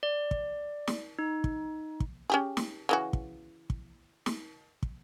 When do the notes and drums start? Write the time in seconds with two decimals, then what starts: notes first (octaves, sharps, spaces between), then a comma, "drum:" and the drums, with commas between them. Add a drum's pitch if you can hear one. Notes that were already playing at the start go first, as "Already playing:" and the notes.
0.03 D5
0.31 drum: kick
0.87 drum: snare
1.19 D#4
1.44 drum: kick
2.00 drum: kick
2.30 C#4 G4 G#4
2.57 drum: snare
2.89 C#3 E3 F#4
3.13 drum: kick
3.70 drum: kick
4.26 drum: snare
4.83 drum: kick